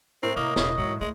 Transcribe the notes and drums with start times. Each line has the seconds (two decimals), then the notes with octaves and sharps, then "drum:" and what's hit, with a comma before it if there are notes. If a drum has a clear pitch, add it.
0.23 A2 C4 A#4
0.36 C3 A#3 D#5
0.56 E1 E2 C#3, drum: snare
0.78 G#2 E3 F#3
1.01 D2 G#3 A3